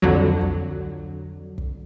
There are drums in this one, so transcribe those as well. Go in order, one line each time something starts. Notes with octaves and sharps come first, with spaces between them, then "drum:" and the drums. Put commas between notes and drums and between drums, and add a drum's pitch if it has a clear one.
F2 D3 F#3, drum: kick
drum: kick
drum: kick